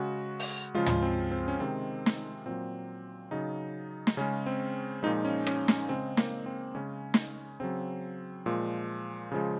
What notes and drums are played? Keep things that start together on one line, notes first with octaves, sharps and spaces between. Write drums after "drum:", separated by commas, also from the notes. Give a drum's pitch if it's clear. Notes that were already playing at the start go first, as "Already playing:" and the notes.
Already playing: C#3 G#3 F#4
drum: open hi-hat
C#3 F3 G#3 F4
drum: tom
C4
C4
C#4
C3 D#3 G#3 C4
drum: snare
A#2 F#3 C4
C#3 F#3 D#4
drum: snare
C#3 G#3 C#4
C4
A#2 F3 G#3 D#4
C#4
C#4, drum: rim click
C#4, drum: snare
C#3 G#3 C4
A#3, drum: snare
C4
C#3 G#3 C#4
drum: snare
C#3 F#3 C4
A#2 F3 G#3
C#3 F3 G#3